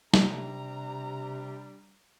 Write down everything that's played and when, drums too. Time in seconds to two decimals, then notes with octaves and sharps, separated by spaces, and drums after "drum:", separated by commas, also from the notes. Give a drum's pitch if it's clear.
0.14 C3 G3 D4 A#5, drum: snare